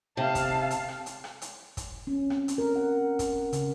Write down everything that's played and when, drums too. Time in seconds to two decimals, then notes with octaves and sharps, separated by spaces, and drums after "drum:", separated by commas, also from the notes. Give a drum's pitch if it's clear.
0.17 C3 F5 A5
0.35 drum: kick, hi-hat
0.71 drum: hi-hat
0.88 drum: rim click
1.06 drum: hi-hat
1.24 drum: rim click
1.42 drum: hi-hat
1.77 drum: kick, hi-hat
2.07 C#4
2.30 C4, drum: rim click
2.48 drum: hi-hat
2.58 A#4
2.76 F#5
3.19 drum: kick, hi-hat
3.53 C#3, drum: hi-hat